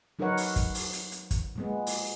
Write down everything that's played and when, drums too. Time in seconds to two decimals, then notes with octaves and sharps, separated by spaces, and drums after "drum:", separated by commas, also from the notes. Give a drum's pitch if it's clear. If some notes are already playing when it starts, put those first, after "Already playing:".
0.19 F#3 D#4 A#4 B4 C#5 F#5
0.37 drum: open hi-hat
0.56 drum: kick, hi-hat
0.75 drum: open hi-hat
0.93 drum: hi-hat
1.12 drum: hi-hat
1.31 drum: kick, hi-hat
1.55 A#2 G#3 B3
1.87 drum: open hi-hat